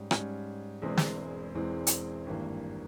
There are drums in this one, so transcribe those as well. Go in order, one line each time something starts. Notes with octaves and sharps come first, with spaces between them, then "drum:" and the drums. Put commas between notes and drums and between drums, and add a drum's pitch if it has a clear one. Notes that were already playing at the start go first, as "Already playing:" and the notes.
Already playing: G#2 G3 C#4
G#2 G3 C#4, drum: rim click
E1 E2 E3 G#3 C4
drum: snare
E1 E2 E3 G#3 C4
drum: hi-hat
G#1 G2 E3 A#3